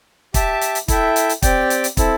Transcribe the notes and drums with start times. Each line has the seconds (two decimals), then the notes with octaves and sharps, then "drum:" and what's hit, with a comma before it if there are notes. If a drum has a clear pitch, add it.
0.34 G4 E5 A5, drum: kick, hi-hat
0.61 drum: hi-hat
0.75 drum: hi-hat
0.88 E4 A4 E5 G5, drum: kick, hi-hat
1.16 drum: hi-hat
1.29 drum: hi-hat
1.42 C4 G4 D5 G5, drum: kick, hi-hat
1.70 drum: hi-hat
1.84 drum: hi-hat
1.97 C4 E4 A4, drum: kick, hi-hat